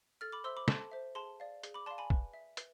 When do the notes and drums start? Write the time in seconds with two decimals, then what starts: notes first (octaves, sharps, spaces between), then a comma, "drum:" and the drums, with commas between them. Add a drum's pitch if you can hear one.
0.21 A4 F6 A6
0.32 B5 D6
0.44 C5 E5 C6 E6
0.57 B5 D6
0.68 A4 A5 C6, drum: snare
0.91 C5 E5
1.15 G#4 A5 C6
1.40 D5 F5
1.63 G#4, drum: hi-hat
1.74 B5 D6
1.86 D5 F5 A5 C6
1.98 G#5 B5
2.10 B4, drum: kick
2.34 E5
2.57 B4, drum: hi-hat